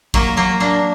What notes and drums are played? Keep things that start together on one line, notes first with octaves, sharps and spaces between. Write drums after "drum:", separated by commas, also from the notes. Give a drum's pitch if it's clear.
F#3 A#3, drum: kick
F#3 A#3
A#3 D4